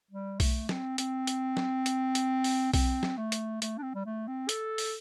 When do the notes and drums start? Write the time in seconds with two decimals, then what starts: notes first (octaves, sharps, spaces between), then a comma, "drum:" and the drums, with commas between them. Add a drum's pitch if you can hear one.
0.11 G3
0.40 A3, drum: kick B1, open hi-hat
0.69 C4, drum: snare
0.98 C4, drum: hi-hat
1.27 drum: hi-hat
1.57 drum: snare
1.86 drum: hi-hat
2.15 drum: hi-hat
2.44 drum: open hi-hat
2.74 C4, drum: kick B1, open hi-hat
3.03 drum: snare
3.17 A3
3.32 drum: hi-hat
3.62 A3, drum: hi-hat
3.78 D4
3.83 C4
3.95 G3
4.06 A3
4.28 C4
4.49 A4, drum: hi-hat
4.78 drum: open hi-hat